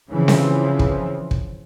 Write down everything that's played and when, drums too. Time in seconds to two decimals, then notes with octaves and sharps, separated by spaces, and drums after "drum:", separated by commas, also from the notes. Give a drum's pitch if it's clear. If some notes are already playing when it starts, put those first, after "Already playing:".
0.11 C#3 E3 F3 C4
0.28 drum: snare C4
0.79 drum: kick
1.31 drum: kick